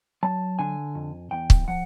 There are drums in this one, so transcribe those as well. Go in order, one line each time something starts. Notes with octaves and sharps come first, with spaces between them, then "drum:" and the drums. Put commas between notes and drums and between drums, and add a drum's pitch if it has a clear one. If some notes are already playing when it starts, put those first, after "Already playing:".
F#3 A5
D3 G#5
F2
E2 G5
drum: kick
F3 F#5